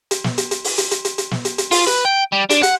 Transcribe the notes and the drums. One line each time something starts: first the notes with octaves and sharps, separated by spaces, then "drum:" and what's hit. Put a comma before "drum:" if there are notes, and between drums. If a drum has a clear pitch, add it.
drum: hi-hat
drum: snare
drum: hi-hat
drum: hi-hat
drum: open hi-hat
drum: hi-hat
drum: hi-hat
drum: hi-hat
drum: hi-hat
drum: snare
drum: hi-hat
drum: hi-hat
F4, drum: open hi-hat
B4, drum: hi-hat
G5
G3
D4, drum: hi-hat
F#5, drum: hi-hat